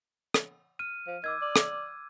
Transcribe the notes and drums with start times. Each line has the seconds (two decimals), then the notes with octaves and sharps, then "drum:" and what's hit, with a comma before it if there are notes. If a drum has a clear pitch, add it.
0.34 drum: rim click
0.79 F6 D#7
1.07 F3
1.24 D#3 D6 E6 G#6
1.42 D5
1.56 drum: rim click